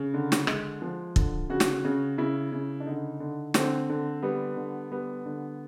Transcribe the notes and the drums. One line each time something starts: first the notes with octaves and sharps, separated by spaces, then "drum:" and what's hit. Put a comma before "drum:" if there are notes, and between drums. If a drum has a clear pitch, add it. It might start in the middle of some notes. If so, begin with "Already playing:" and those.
Already playing: C#3
D3
drum: snare
G#3, drum: rim click
F3
D3, drum: kick
C#3 F#4
drum: snare
C#3
C#3 E4
C#3
D4
D3 D#4
D3
D3 C4, drum: snare
D3
G3 B3
D3
G3 B3
D3